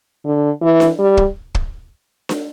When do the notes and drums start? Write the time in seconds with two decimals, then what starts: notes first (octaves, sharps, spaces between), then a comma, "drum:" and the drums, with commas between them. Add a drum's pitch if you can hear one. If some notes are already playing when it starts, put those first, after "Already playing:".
0.24 D3
0.62 E3
0.80 drum: snare D4
0.99 G3
1.17 drum: kick
1.55 drum: kick
2.29 drum: snare D4